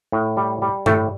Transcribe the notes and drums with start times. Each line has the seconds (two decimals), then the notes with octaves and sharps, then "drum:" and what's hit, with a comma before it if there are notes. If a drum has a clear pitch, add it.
0.12 A2
0.37 G3
0.62 G3
0.86 A2 A3, drum: tom G2